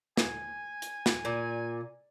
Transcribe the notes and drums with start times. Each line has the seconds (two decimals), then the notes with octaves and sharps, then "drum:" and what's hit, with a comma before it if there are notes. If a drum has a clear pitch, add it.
0.17 G#5, drum: snare
0.82 drum: hi-hat
1.06 drum: snare
1.25 A#2